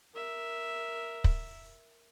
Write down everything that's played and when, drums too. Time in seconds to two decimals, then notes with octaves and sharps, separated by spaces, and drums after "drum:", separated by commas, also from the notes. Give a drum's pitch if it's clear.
0.14 A#4 E5
1.24 drum: kick